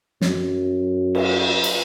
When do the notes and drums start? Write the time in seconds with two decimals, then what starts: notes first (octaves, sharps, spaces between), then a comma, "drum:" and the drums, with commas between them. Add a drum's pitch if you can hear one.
0.21 F#2, drum: snare
1.15 drum: cymbal
1.64 drum: cymbal